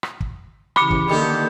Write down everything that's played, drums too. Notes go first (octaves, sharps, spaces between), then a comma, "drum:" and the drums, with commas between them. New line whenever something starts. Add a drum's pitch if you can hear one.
drum: rim click
drum: kick
C#3 E3 G4 B5 D6 C#7, drum: rim click
drum: kick
D3 D#3 A#3 G4 A4